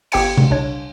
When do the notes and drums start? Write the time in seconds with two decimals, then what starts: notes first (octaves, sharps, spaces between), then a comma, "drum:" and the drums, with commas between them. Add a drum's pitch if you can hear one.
0.12 G1 G4 G5 G#6 C#7, drum: cymbal
0.37 drum: tom B2
0.50 C2 D4 C#5